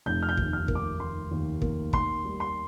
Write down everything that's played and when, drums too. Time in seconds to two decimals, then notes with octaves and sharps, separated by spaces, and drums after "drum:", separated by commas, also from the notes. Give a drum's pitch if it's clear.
0.06 F1 G6
0.23 F6
0.29 G6
0.37 D#2, drum: kick
0.53 F6
0.68 A#3, drum: kick
0.75 D6
0.99 D#3 C6
1.31 D#2
1.62 A#3, drum: kick
1.93 D#3 C6, drum: kick
2.24 G3
2.40 C6